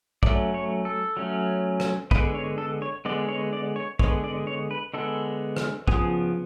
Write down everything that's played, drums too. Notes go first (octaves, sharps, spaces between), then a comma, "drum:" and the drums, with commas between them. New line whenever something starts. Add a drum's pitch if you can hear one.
F#3 A3 C#4 D5, drum: kick
C#5
A4
F#3 A3 C#4
drum: rim click
D3 G#3 B3 B4, drum: kick
C#5
A4
C#5
D3 G#3 B3 D5
C#5
D5
C#5
D3 G#3 B3 C#5, drum: kick
D5
C#5
B4
D3 G#3 B3 A4
drum: rim click
C#3 F3 B3 G#4, drum: kick